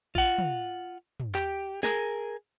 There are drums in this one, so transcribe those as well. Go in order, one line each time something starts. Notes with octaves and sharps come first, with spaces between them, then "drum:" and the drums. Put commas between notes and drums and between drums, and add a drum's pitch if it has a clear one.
F4 F#5, drum: kick A#1
drum: tom
drum: tom
G4, drum: clap
G#4 A#4, drum: snare